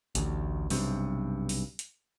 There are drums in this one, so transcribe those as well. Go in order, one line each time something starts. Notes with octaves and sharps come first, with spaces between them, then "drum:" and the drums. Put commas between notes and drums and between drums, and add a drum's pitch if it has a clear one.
A1 D2, drum: hi-hat
B1 G2 C3, drum: open hi-hat
drum: open hi-hat
drum: hi-hat